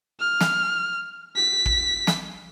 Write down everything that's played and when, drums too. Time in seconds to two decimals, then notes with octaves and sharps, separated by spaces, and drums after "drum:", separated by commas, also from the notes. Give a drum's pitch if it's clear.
0.20 F6
0.41 drum: snare
1.36 B6
1.66 drum: kick
2.07 drum: snare